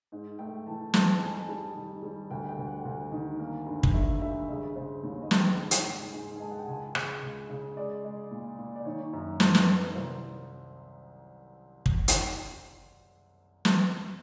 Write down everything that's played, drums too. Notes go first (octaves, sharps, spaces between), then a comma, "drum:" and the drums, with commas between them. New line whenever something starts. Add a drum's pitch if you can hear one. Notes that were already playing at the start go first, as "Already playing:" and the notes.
G#2
A3 G5
E3 A5
G#2 A5, drum: snare
F2 G#5
A5
G#5
G3
D#3
G3
D2 G5
G5
D2
F#5
D2
D#3
A#3
G2
drum: kick
G2 E5
G2 E5
C#3 D#5
C#3 C5
D#2 C#5
D#5
C#3, drum: snare
G5
G#2
drum: hi-hat
G#2
G#2 G#5
G#5
G#3 A5
F#5
G5
C#2 G#5
C#3, drum: rim click
C#2
C#3
G#3 D5
G#3
A#2
A#2
D5
D#3 C#5
F#2
F#2 C5, drum: snare
B4, drum: snare
D#3 A#4
B4
C2 C5
drum: kick
drum: hi-hat
drum: snare